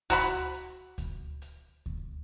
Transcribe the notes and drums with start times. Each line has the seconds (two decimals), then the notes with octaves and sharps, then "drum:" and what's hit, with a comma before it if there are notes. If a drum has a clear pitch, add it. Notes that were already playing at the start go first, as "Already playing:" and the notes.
0.10 F#4 A#5 B5, drum: kick D2, hi-hat
0.54 drum: hi-hat
0.98 drum: kick D2, hi-hat
1.42 drum: hi-hat
1.86 drum: kick D2